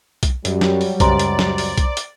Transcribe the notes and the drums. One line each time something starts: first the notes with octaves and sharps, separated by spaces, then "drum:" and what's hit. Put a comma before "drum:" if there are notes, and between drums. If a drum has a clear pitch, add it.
drum: kick B1, hi-hat
F#2 F#3 G3, drum: hi-hat
drum: snare
drum: open hi-hat
C#2 F#2 C5 D5 A#5 C6, drum: kick B1, hi-hat
drum: hi-hat
drum: snare
drum: open hi-hat
drum: kick B1, hi-hat
drum: hi-hat